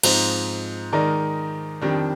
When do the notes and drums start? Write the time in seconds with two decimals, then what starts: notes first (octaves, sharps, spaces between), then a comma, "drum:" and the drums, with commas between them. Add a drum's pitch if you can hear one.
0.03 G#2 F3 C4 D#4, drum: cymbal
0.92 D#3 G#3 D#4 A#4 D5
1.82 F2 D#3 G3 D4